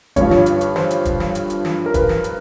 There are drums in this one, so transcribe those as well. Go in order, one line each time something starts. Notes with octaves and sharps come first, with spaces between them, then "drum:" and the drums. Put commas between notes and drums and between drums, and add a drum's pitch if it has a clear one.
G2 D3 F3 C#5, drum: kick E1, hi-hat
drum: snare
drum: hi-hat
drum: hi-hat
C5, drum: snare
drum: hi-hat
drum: kick E1, hi-hat
drum: snare
drum: hi-hat
drum: hi-hat
drum: snare
A#4
B4, drum: kick E1, hi-hat
drum: snare
drum: hi-hat